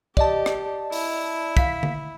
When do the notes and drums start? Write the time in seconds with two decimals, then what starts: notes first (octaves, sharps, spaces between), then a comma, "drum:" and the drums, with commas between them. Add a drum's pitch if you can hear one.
0.17 G4 D5 D#5 A5, drum: kick
0.46 drum: rim click
0.92 E4, drum: open hi-hat
1.57 F5 B6, drum: kick
1.83 drum: tom D3